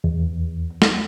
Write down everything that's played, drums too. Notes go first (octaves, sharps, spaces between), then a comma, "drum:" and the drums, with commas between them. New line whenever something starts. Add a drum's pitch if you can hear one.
E2
drum: snare